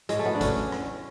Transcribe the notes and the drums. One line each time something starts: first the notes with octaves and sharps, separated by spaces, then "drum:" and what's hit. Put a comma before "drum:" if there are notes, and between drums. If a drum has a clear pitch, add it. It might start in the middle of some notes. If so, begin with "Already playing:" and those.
A2 G#3, drum: hi-hat
A3
F#3 B3
D4
A2 C#4, drum: kick G#1, hi-hat
drum: rim click